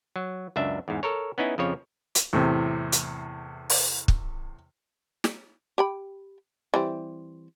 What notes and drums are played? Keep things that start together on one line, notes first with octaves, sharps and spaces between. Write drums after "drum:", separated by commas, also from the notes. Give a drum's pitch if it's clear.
F#3
C#2 F#2 D4 E5
E2 G#2
A4 A#4 C#5
B3 C#4 D#4 E4
F2 C#3 F3 C#5
drum: hi-hat
E2 A2 C3
drum: hi-hat
drum: open hi-hat
drum: kick
drum: snare
G4 G5 B5
E3 G3 C4